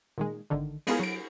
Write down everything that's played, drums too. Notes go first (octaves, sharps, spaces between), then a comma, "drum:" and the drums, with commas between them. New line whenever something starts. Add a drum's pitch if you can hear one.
A#2 D#3 G#3
G#1 D3 D#3
G#3 A#3 B3 F4 G#4 A#4, drum: cymbal
F#3 D7